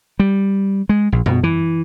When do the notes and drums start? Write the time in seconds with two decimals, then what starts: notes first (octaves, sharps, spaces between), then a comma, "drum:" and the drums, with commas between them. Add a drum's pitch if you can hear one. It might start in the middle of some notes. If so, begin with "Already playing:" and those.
0.19 G3
0.89 G#3
1.12 A#1
1.26 B2, drum: tom F#2
1.43 E3